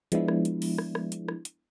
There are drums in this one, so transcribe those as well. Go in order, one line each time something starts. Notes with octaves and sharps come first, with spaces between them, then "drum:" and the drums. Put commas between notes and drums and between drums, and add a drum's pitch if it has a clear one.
F3 G#3 B3 D4 E4, drum: hi-hat
drum: rim click
drum: hi-hat
drum: open hi-hat
drum: rim click
drum: rim click
drum: hi-hat
drum: rim click
drum: hi-hat